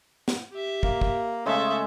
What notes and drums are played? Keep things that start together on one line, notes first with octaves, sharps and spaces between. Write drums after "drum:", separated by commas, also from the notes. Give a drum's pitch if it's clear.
drum: snare
G4 E5
A#3, drum: kick
drum: kick
C#3 G#3 A3 A4 E5